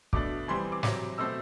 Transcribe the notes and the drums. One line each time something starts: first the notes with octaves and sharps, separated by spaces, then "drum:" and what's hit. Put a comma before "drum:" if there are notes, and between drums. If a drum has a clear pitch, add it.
B2 A3 D4 D6, drum: kick
E3 G3 C4 C6
D6
C3 F#3 C4 D6, drum: snare
B2 A3 C4 E6